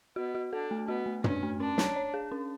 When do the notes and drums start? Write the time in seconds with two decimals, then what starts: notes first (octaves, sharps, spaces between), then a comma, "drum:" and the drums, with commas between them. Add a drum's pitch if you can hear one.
0.16 B3 F#4
0.35 F#4
0.53 D4 A4
0.71 A3
0.88 B3 F#4
1.06 A3
1.24 C#4 D4, drum: tom
1.43 A3
1.60 C#4 D4
1.78 C#5, drum: snare
1.96 C#5
2.14 G#4
2.32 C#4